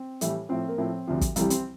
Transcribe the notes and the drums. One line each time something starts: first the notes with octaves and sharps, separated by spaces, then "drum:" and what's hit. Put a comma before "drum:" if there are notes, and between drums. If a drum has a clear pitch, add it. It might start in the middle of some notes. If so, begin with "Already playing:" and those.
Already playing: C4
A2 E3 G3, drum: hi-hat
A2 F3 C4
A#3
A2 F3 C4
D2 C3 F3
drum: kick, hi-hat
C2 C3 E3 G3 E4, drum: hi-hat
C4, drum: hi-hat